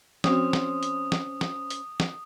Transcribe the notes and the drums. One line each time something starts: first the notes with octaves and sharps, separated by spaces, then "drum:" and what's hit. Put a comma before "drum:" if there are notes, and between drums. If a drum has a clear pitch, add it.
F3 C4 C#4 F#4 C5 D#6, drum: snare
drum: snare
drum: hi-hat
drum: snare
drum: snare
drum: hi-hat
drum: snare